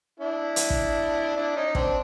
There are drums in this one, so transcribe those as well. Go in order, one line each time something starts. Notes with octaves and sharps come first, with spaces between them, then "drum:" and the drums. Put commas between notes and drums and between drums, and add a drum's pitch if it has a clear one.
D4 E4
drum: hi-hat
drum: kick
D4 E4
C#4 D#4
C#4
C4 D4, drum: kick